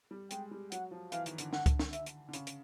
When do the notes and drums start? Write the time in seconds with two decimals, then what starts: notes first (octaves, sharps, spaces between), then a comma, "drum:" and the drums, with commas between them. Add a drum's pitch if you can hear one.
0.11 G3
0.31 G#3 G5, drum: hi-hat
0.51 G3
0.72 F#3 F#5, drum: hi-hat
0.91 F3
1.12 E3 F5, drum: hi-hat
1.26 D#3, drum: hi-hat
1.38 D3, drum: hi-hat
1.53 D3 F#5, drum: snare
1.66 drum: kick C#2, hi-hat
1.79 drum: snare
1.93 E5, drum: hi-hat
2.06 drum: hi-hat
2.29 D3
2.33 C#3, drum: hi-hat
2.47 drum: hi-hat